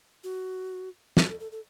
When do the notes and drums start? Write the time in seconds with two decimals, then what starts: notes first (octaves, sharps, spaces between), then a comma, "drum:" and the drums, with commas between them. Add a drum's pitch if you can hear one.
0.24 F#4
1.17 A4, drum: snare
1.29 A4
1.40 A4
1.52 A4